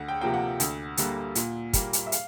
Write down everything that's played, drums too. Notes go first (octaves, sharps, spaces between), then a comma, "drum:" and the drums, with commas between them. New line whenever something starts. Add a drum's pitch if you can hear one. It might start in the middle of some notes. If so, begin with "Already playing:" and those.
Already playing: D2 F#5
G5
C3 F3 A#3 G5
F#5
D2, drum: hi-hat
D3 G3 A#3, drum: hi-hat
A#2, drum: hi-hat
G3 A#3, drum: kick, hi-hat
drum: hi-hat
E5
F5, drum: hi-hat